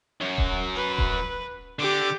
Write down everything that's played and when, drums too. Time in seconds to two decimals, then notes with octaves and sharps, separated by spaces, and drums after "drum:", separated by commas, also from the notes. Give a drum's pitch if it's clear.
0.21 F#2 F#3
0.38 drum: kick D#1
0.75 B4
0.98 drum: kick D#1
1.79 D3 G4 D6